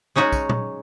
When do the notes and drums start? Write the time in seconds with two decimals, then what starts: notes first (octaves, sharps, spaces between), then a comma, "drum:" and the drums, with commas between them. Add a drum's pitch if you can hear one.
0.16 G#3 C#4 D#4 F#4
0.32 drum: kick, tambourine
0.49 drum: tom